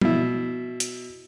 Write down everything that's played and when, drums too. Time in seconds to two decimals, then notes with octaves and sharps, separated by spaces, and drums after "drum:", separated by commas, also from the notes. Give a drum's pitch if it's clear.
0.01 B2 E4, drum: tom F3
0.80 drum: hi-hat